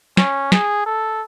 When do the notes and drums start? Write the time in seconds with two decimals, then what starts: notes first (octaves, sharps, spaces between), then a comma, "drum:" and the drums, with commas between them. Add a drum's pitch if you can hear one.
0.17 C#4, drum: snare
0.52 G#4, drum: snare
0.86 A4